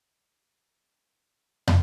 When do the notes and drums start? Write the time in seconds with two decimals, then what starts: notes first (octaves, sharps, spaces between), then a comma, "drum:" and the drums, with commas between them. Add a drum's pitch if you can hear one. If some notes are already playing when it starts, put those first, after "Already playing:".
Already playing: F#5 G5
0.28 G#5
0.75 A5
1.06 G#5
1.36 F#5
1.68 drum: tom